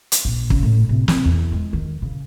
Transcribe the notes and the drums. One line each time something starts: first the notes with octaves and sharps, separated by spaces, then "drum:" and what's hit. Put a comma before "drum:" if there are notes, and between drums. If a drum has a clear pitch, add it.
drum: hi-hat
A#1
C#3, drum: kick
A2
C3
C4, drum: snare
E2
G#3
D#3
C#3